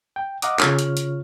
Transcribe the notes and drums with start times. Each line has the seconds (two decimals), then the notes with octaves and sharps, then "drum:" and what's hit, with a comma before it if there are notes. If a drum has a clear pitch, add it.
0.16 G5
0.42 D#5 F5 F#5 A#5 D6 D#6, drum: hi-hat
0.59 C#3 F4 C#5 F6, drum: clap
0.79 drum: hi-hat
0.97 drum: hi-hat